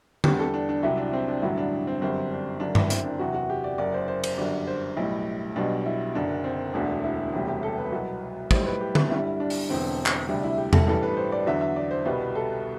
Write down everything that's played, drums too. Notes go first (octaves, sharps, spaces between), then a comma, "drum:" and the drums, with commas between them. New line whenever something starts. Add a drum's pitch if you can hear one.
E2 D3 G3 G4, drum: tom D3
A4
D4
D4
C2 C3 F#3 E4
D4
C4
D4
A1 G2 D3 F#3 E4
D4
C4
G1 F#2 D3 G3 C4
D4
F#1 F#2 D3 D4
E4, drum: tom G2
C4, drum: hi-hat
D4
E2 C3 F#3 F#4
F#4
G4
D5
F#1 F#2 F#3 D5
C5
C5
C5, drum: cymbal
G1 F#2 D3 G3 D5
C5
B1 A2 G3 E4
B1 B2 G3 D4
E4
F#1 F#2 D3 D4
C4
E1 D2 D3 D4
E4
E1 D2 C3 G3
G4
A4
B4
C2 B2 F#3
B1 A2 G3 C5, drum: kick
B4
G4
E4, drum: tom D3
G1 G2 D3 G3 E4
D4
drum: open hi-hat
E1 E2 D3 C4
drum: clap
D2 C3 G3 D4
E4
G4
A4, drum: tom E2
A1 G2 E3 G3 A4
B4
C5
D5
E2 D3 F#3 E5
E5
D5
C5
C2 B2 G3 B4
A4